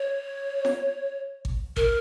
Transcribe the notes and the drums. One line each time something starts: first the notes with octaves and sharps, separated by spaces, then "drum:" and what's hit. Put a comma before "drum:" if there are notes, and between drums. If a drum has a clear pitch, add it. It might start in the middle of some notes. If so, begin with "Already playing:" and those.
Already playing: C#5
drum: snare F4
drum: kick G#1
A#4, drum: kick G#1